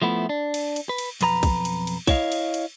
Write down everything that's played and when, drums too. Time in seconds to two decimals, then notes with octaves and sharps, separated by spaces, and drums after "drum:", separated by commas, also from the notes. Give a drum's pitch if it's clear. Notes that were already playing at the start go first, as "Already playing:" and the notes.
0.02 F3 A3 B3 E4
0.29 D4
0.54 drum: cymbal
0.76 drum: cymbal
0.89 B4
0.98 drum: cymbal
1.21 B1 F2 B4 A#5, drum: cymbal
1.43 drum: kick, cymbal
1.65 drum: cymbal
1.87 drum: cymbal
2.07 E4 C#5 D#5 F5, drum: kick, cymbal
2.32 drum: cymbal
2.54 drum: cymbal